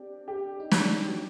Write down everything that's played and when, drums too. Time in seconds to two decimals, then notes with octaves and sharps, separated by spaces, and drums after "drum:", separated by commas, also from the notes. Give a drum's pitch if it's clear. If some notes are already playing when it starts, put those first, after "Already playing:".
Already playing: C4 D4 G4
0.28 G4
0.60 D#4
0.71 D#3 D4, drum: snare
1.08 F#4